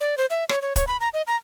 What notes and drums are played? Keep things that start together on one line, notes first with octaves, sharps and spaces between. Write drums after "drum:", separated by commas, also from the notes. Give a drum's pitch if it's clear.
D5
C5
E5
C#5, drum: rim click
C#5
C#5, drum: kick, hi-hat
B5
A#5
D#5
A#5